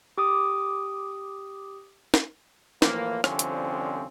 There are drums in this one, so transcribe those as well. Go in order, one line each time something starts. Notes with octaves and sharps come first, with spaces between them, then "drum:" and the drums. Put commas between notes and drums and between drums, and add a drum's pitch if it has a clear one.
G4 D6 D#6
drum: snare
A2 E3 F3 A#3, drum: snare
C2 F2 D3 F3 C4 C#4, drum: rim click
drum: hi-hat